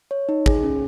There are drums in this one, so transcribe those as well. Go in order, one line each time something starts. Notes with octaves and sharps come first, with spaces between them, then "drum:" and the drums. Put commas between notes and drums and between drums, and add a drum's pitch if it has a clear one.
C#5
D#4
G#4, drum: kick G#1
C#4